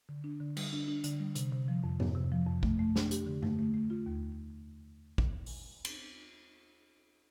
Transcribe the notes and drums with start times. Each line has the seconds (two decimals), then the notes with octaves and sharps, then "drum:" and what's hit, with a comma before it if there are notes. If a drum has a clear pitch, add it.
0.09 D3
0.24 D4
0.40 D3
0.57 G3, drum: cymbal
0.73 D4
0.88 D4
1.04 D3, drum: hi-hat
1.20 G3
1.35 C3, drum: hi-hat
1.52 C3
1.68 F3
1.84 F2
2.00 F2, drum: tom G#2
2.15 C3
2.32 F3
2.47 F2
2.63 A3, drum: kick
2.79 A3
2.96 D4, drum: snare
3.11 G4, drum: hi-hat
3.26 D3
3.43 A3, drum: tom G2
3.59 A3
3.74 A3
3.90 F4
4.06 D#2
5.18 drum: kick
5.46 drum: open hi-hat
5.85 drum: cymbal